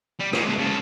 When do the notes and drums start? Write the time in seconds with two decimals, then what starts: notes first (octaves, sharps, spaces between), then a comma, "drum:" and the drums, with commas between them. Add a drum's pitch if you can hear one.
0.20 G3
0.33 A#2 G#3, drum: rim click
0.46 C#2 D4
0.58 C#3 A4